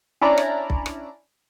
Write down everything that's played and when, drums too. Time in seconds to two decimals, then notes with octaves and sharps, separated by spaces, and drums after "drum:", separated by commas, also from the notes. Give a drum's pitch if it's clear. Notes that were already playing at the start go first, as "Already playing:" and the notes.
0.22 C#4 D4 E4 D5 A#5
0.38 drum: rim click
0.70 drum: kick B1
0.86 drum: rim click